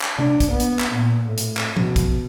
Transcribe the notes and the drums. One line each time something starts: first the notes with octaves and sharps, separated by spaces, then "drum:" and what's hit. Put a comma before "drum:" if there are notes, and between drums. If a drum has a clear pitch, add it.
drum: clap
D4, drum: tom C3
drum: kick, hi-hat
B3
drum: hi-hat
drum: clap
A#2
A2
drum: hi-hat
drum: clap
B2, drum: tom F3
drum: kick, hi-hat